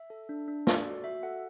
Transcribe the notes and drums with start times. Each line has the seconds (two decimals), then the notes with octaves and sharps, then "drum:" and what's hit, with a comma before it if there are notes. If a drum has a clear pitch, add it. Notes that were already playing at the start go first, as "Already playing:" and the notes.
Already playing: E5
0.10 A4
0.29 D4
0.48 D4
0.67 A4 D5, drum: snare
0.86 F#4
1.04 F#4 E5
1.23 A4 F#5